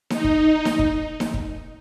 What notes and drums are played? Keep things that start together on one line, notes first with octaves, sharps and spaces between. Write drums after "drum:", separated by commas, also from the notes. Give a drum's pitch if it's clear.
D#4, drum: snare D#4
drum: kick
drum: snare D#4
drum: kick
drum: snare D#4
drum: kick